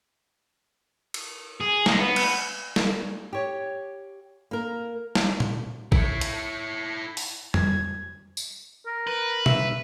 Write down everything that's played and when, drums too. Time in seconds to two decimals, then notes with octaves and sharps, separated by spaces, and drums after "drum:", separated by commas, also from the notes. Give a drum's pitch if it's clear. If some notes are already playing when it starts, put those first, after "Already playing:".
1.14 drum: cymbal
1.61 G#4
1.86 G#3 A#3, drum: snare
1.99 B3
2.16 drum: cymbal
2.76 drum: snare
3.33 G4 C#5
4.51 A#3 A#4
5.15 drum: snare
5.40 drum: tom A#2
5.92 E4 C#5, drum: kick A1
6.21 drum: hi-hat
7.17 drum: open hi-hat
7.54 G#6, drum: tom F2
8.37 drum: tambourine
8.86 A#4
9.07 B4
9.46 E5, drum: tom B2